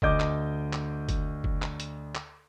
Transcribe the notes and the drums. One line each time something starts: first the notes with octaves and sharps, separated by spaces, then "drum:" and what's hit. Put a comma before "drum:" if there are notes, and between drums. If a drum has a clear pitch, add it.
D2 D#5 D6 G6, drum: kick F#1
drum: clap
drum: clap
drum: kick F#1, hi-hat
drum: kick F#1
drum: clap
drum: hi-hat
drum: clap